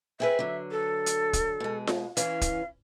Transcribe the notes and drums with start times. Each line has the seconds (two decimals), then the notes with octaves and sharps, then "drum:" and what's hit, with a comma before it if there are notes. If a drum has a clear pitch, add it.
0.20 C4 G#4 B4 E5
0.39 D3 F#3
0.71 A4
1.06 drum: hi-hat
1.33 drum: kick, hi-hat
1.60 B2 G#3
1.87 drum: snare F4
2.17 E3 C#4 F5, drum: hi-hat
2.41 drum: kick, hi-hat